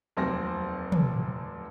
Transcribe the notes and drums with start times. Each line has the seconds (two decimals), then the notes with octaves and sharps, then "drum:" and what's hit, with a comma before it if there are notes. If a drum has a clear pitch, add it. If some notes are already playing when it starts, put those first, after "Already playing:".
0.17 F1 D#2 F#3 C4 C5 A#6
0.92 drum: tom